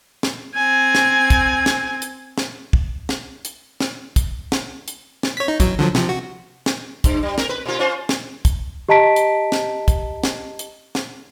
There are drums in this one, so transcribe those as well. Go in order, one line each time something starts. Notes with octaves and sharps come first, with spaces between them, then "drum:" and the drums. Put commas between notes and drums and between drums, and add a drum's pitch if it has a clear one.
drum: snare
C4 G#5
drum: snare
drum: kick, hi-hat
drum: snare
drum: hi-hat
drum: snare
drum: kick
drum: snare
drum: hi-hat
drum: snare
drum: kick, hi-hat
drum: snare
drum: hi-hat
drum: snare
C#5 B6
D#4
A1 F#3, drum: kick, hi-hat
D3 F3 F#3
C3 F3, drum: snare
F#4
drum: snare
G2, drum: kick, hi-hat
G3
A#4, drum: snare
B4
B2 A#3 F4
C#4 F4 C5
drum: snare
drum: kick, hi-hat
G4 D#5 A5 A#5 B6 D7
drum: hi-hat
drum: snare
drum: kick, hi-hat
drum: snare
drum: hi-hat
drum: snare